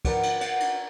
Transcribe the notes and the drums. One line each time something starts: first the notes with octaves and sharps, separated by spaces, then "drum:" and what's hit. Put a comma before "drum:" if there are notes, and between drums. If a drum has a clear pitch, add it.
A#4 B4 D5 F#5, drum: kick, cymbal
drum: cymbal
F#5, drum: cymbal
drum: cymbal